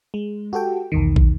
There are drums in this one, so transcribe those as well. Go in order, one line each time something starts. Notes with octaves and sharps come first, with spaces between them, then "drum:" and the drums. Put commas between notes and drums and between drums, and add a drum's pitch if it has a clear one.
G#3
F#4 G4 A4 G5
B1 E2 D#3
drum: kick